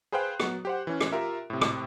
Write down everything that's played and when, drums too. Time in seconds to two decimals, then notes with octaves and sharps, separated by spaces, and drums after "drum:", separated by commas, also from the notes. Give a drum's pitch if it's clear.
0.12 G#4 B4 C5 F5 G5 F#6
0.40 F#3 B3, drum: rim click
0.65 G4 C5 F#5
0.87 E3 C#4
1.01 drum: rim click
1.12 F4 G4 A#4 E5
1.50 A2 C3
1.61 drum: rim click